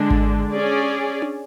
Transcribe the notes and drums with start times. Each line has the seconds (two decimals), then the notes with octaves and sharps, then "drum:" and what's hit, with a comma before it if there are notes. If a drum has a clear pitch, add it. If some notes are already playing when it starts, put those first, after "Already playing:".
Already playing: D3 G#3 D4
0.10 drum: kick G#1
0.50 C#4 G#4 D5
1.22 drum: tom D4